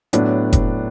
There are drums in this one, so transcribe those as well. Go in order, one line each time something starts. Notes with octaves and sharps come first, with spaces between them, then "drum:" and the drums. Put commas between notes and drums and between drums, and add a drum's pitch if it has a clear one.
A2 F#3 B3 D4, drum: hi-hat
drum: kick F1, hi-hat